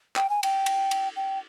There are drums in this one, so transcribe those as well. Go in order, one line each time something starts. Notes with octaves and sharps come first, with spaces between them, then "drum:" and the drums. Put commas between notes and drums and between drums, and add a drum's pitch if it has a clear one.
G5, drum: clap
G#5
G5, drum: cymbal
drum: cymbal
drum: cymbal
G5